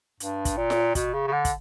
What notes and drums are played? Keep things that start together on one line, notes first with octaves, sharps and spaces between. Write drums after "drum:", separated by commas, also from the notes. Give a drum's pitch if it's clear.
G2, drum: hi-hat
drum: kick, hi-hat
A#2
drum: snare F4
B2, drum: kick, hi-hat
C#3
C#3
D3
drum: kick, hi-hat